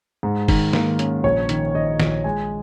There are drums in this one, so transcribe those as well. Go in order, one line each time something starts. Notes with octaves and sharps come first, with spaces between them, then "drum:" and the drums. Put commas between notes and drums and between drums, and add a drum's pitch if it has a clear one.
G#2
D#3, drum: kick, open hi-hat
A#3, drum: snare
C#4, drum: hi-hat
A#1 C#5
D#3, drum: hi-hat
D#3 D#5
A#1, drum: snare
G#3 G#5